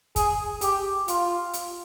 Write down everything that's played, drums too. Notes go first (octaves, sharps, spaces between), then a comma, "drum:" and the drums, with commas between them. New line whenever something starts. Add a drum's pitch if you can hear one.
G#4, drum: kick, hi-hat
G4, drum: hi-hat
F4, drum: hi-hat
drum: hi-hat